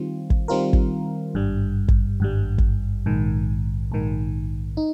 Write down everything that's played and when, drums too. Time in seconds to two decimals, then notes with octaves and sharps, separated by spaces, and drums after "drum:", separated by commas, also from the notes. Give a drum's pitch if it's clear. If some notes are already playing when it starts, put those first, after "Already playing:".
Already playing: D#3 G3 C4 F4
0.30 drum: kick
0.48 D#3 G3 C4 F4 A#4
0.73 drum: kick
1.35 G#1 G2 G3
1.88 drum: kick
2.20 G#1 G2 G3
2.58 drum: kick
3.06 A#1 G#2 D#3
3.92 A#1 G#2 D#3
4.77 D#4